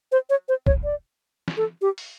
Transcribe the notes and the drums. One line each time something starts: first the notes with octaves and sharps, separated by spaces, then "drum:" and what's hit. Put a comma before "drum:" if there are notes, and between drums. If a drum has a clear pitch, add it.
C5
C#5
C5
C#5, drum: kick
D5
drum: snare
A4
G4
drum: open hi-hat